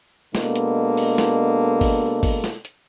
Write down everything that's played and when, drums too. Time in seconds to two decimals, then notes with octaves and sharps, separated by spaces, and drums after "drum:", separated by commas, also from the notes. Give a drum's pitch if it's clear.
0.35 B2 G#3 A#3 B3 D4 A4, drum: snare
0.56 drum: hi-hat
0.97 drum: open hi-hat
1.18 drum: snare
1.81 drum: kick, open hi-hat
2.23 drum: kick, open hi-hat
2.44 drum: snare
2.65 drum: hi-hat